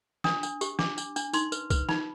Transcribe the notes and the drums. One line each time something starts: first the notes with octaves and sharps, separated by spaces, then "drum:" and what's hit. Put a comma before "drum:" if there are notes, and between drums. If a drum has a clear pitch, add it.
D4 D#6, drum: snare
D4, drum: tambourine
G4, drum: tambourine
D4 D6, drum: snare
D4, drum: tambourine
D4, drum: tambourine
D#4 C6, drum: tambourine
B4, drum: tambourine
B4, drum: kick, tambourine
D#4 B5, drum: snare